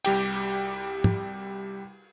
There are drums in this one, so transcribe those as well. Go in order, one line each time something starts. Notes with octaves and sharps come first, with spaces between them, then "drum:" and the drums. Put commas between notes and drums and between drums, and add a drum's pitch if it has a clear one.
C2 G3 G4 G5, drum: cymbal
drum: tom